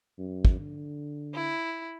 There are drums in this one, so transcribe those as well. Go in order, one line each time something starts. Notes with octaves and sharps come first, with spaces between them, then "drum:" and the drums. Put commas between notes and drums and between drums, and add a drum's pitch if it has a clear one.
F#2
drum: kick
D3
E4